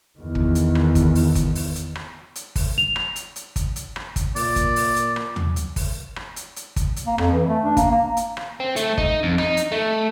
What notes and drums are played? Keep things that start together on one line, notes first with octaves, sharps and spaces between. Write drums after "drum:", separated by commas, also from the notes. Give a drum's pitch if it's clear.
E2 D#3
drum: kick
drum: hi-hat
drum: rim click
drum: kick, hi-hat
drum: open hi-hat
drum: kick, hi-hat
drum: open hi-hat
drum: hi-hat
drum: rim click
drum: hi-hat
drum: kick, open hi-hat
F7
drum: rim click
drum: hi-hat
drum: hi-hat
drum: kick, hi-hat
drum: hi-hat
drum: rim click
drum: kick, hi-hat
A#2 D5, drum: open hi-hat
drum: kick, hi-hat
drum: open hi-hat
drum: hi-hat
drum: rim click
drum: tom D#2
drum: hi-hat
drum: kick, open hi-hat
drum: rim click
drum: hi-hat
drum: hi-hat
drum: kick, hi-hat
drum: hi-hat
A#3
F2, drum: rim click
E3
A3
D4
A#3, drum: kick, hi-hat
A#3
drum: hi-hat
drum: rim click
C4
A3, drum: hi-hat
D#4, drum: kick
F2
D#4, drum: rim click
drum: hi-hat
A3